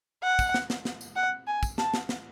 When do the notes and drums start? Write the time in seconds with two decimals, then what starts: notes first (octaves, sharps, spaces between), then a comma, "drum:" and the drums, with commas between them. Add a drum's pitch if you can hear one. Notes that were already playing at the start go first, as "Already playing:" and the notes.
0.23 F#5
0.39 drum: kick, tambourine
0.54 drum: snare
0.70 drum: snare
0.85 drum: snare
1.01 drum: tambourine
1.16 F#5
1.47 G#5
1.63 drum: kick, tambourine
1.78 A5, drum: snare
1.94 drum: snare
2.09 drum: snare